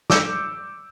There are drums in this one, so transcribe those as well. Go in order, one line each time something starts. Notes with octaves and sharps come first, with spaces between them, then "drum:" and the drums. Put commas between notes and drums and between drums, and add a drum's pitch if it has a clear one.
D6 E6 G6 C#7, drum: snare